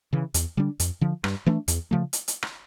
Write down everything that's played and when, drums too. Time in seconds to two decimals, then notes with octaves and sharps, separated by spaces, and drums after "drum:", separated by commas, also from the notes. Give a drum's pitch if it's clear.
0.13 C#3 E3
0.34 E2, drum: hi-hat
0.57 D3 G3 D4
0.80 F2, drum: hi-hat
1.01 D3 F3
1.24 G2, drum: rim click
1.46 E3 A3 D4
1.68 E2, drum: hi-hat
1.91 C#3 F3 A3
2.13 drum: hi-hat
2.28 drum: hi-hat
2.43 drum: rim click